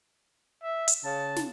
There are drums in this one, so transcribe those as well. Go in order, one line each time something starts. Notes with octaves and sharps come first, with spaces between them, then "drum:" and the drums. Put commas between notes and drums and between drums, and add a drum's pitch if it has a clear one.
E5
drum: hi-hat
C#3 A5
drum: snare